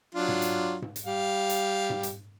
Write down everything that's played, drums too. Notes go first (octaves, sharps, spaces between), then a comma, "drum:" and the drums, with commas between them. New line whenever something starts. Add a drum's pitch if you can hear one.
F#3 D4 F4
drum: tom G#2
drum: hi-hat
drum: tom G#2
drum: hi-hat
G3 F5
drum: hi-hat
drum: tom G#2
drum: hi-hat